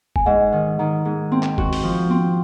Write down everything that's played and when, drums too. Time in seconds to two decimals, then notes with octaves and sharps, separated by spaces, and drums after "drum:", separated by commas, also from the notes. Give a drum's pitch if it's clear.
0.16 G#5, drum: kick
0.26 G#2 D#5 F#5
0.52 D#3
0.79 D#3 F#5 A#5
1.05 G#2
1.32 C4
1.43 drum: clap
1.58 F#4, drum: kick
1.73 drum: open hi-hat
1.84 F3
2.10 C4